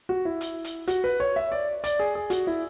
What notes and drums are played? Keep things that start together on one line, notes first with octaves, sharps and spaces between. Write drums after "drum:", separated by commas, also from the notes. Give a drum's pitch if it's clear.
F#4
E4
drum: hi-hat
drum: hi-hat
F#4, drum: hi-hat
B4
C#5
E5
D5
D5, drum: hi-hat
G#4
G#4
F#4, drum: hi-hat
E4